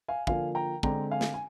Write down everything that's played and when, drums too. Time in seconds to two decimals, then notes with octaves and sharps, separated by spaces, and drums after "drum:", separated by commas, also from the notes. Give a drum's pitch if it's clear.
0.08 F5 G#5
0.27 D3 F3 A#3 F5 G#5, drum: kick
0.55 G5 A#5
0.83 D3 G#3 C4 G5 A#5, drum: kick
1.11 F5 G#5
1.21 drum: snare
1.34 G#5